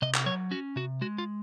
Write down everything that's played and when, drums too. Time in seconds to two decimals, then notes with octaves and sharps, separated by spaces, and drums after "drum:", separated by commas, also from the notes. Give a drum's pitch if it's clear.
0.02 C3 D#5
0.15 drum: clap
0.26 F#3 C#5
0.51 C#4 F#4
0.76 C3 F#4
1.01 G#3 F#4
1.18 F4